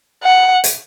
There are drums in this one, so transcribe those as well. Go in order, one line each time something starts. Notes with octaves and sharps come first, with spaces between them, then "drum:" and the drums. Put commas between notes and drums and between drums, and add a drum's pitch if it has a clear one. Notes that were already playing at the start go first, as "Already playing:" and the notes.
F#5
drum: hi-hat